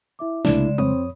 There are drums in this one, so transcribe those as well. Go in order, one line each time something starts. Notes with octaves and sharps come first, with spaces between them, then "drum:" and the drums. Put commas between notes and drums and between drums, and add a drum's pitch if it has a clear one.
E4 E5 D6
C2 C#3 G#3 A3 D4 E4 D5 E7, drum: snare
F2 C4 C#5 B5 D#6, drum: tom